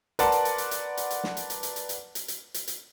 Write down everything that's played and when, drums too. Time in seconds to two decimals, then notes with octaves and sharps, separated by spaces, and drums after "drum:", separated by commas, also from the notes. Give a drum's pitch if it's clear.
0.19 A#4 B4 D5 F#5 A5 C6, drum: hi-hat
0.32 drum: hi-hat
0.45 drum: hi-hat
0.58 drum: hi-hat
0.71 drum: hi-hat
0.97 drum: hi-hat
1.10 drum: hi-hat
1.24 drum: snare
1.37 drum: hi-hat
1.50 drum: hi-hat
1.63 drum: hi-hat
1.76 drum: hi-hat
1.89 drum: hi-hat
2.15 drum: hi-hat
2.28 drum: hi-hat
2.54 drum: hi-hat
2.67 drum: hi-hat